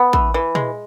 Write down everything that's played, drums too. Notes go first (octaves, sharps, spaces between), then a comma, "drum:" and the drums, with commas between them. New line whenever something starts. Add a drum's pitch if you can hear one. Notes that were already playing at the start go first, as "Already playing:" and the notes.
Already playing: B3
E3, drum: kick A1
E3
G#3, drum: tom